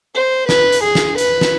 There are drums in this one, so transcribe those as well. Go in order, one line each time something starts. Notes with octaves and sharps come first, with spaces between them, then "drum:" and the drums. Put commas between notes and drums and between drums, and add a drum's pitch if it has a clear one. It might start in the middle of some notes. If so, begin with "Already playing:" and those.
C5
B4, drum: snare
drum: hi-hat
G#4
drum: snare
B4, drum: hi-hat
drum: snare